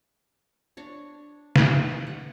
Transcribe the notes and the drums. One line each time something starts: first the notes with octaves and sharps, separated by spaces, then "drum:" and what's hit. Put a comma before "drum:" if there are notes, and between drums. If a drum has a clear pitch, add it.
D4 C#5
drum: snare
F#5